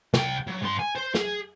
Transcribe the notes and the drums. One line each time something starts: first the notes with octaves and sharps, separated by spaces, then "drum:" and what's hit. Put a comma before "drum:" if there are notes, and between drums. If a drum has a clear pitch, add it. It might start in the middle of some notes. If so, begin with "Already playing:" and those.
C2 G5, drum: snare
F#3
G2 C6
G#5
C5
G#4, drum: snare